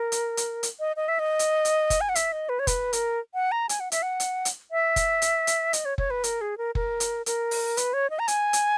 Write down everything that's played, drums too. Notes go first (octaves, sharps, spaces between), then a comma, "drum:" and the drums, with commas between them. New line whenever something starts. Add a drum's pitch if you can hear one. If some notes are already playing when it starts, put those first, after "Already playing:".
Already playing: A#4
drum: hi-hat
drum: hi-hat
drum: hi-hat
D#5
D#5
E5
D#5
drum: hi-hat
drum: hi-hat
drum: kick F#1, hi-hat
G#5
F#5
E5, drum: hi-hat
D#5
B4
C#5
B4, drum: kick F#1, hi-hat
A#4, drum: hi-hat
F#5
A#5
G#5, drum: hi-hat
F#5
E5, drum: hi-hat
F#5
drum: hi-hat
drum: hi-hat
E5
drum: kick F#1, hi-hat
drum: hi-hat
drum: hi-hat
D#5, drum: hi-hat
C#5
C#5, drum: kick F#1
B4
A#4, drum: hi-hat
G#4
A#4
A#4, drum: kick F#1
drum: hi-hat
A#4, drum: hi-hat
drum: open hi-hat
B4, drum: hi-hat
C#5
D#5
A#5
G#5, drum: hi-hat
drum: hi-hat